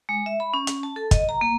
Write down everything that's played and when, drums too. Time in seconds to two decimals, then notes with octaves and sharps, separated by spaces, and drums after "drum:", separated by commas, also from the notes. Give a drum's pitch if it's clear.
0.09 G#3
0.26 E5
0.40 B5
0.54 C#4
0.67 C#4, drum: hi-hat
0.83 A5
0.96 A4
1.11 D#5, drum: kick, hi-hat
1.29 A#5
1.41 A#3